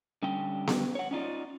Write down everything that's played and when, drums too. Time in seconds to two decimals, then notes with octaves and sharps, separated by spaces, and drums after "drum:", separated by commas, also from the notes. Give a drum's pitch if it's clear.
0.23 D3 G3 C#4 G5
0.67 drum: snare B3
0.95 C#5 F#5
1.11 C#4 D#4 F4 D5